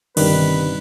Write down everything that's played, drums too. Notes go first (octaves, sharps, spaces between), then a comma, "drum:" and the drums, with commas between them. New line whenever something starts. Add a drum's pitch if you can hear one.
G1 C3 D#3 G3 B4 D5, drum: cymbal